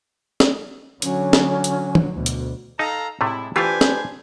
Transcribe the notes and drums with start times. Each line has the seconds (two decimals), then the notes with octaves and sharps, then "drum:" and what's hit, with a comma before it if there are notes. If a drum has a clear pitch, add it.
0.40 drum: snare
1.02 D3 F#3 C#4, drum: hi-hat
1.33 drum: snare
1.64 drum: hi-hat
1.95 drum: tom E3
2.13 D2 B2
2.26 drum: hi-hat
2.79 D#4 A4 F5 A#5
3.21 A2 C3 G#3 A3 E4
3.56 E3 A3 D4 F4 G4 B4 C5 G#5
3.81 drum: snare